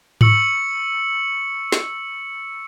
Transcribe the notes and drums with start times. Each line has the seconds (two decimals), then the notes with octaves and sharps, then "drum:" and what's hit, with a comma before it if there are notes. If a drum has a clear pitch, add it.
0.21 C#6 E6 C#7 F#7, drum: tom G#2
1.72 drum: snare